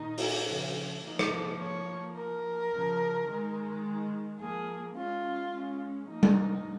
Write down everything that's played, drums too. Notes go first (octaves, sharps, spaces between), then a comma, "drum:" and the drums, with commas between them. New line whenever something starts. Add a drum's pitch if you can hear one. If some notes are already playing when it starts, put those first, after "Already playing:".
Already playing: A#2 D#3 D#4
drum: open hi-hat
C#3 F3
F3 A#3 D#4
drum: rim click
C#5
A#4
C#3 F3
D#3 G#3
F3 A#3 G#4
G#3 C#4 F4
G#3 C#4
F3 A#3 D#4
drum: tom G3